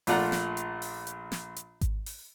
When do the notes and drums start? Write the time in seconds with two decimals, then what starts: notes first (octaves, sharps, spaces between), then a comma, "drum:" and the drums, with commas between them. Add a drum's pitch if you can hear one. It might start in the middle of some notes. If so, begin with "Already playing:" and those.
0.07 A#1 A3 F4 D5 F#5 A#5, drum: open hi-hat
0.32 drum: snare
0.57 drum: hi-hat
0.82 drum: open hi-hat
1.07 drum: hi-hat
1.32 drum: snare
1.56 drum: hi-hat
1.81 drum: kick G#1, hi-hat
2.06 drum: open hi-hat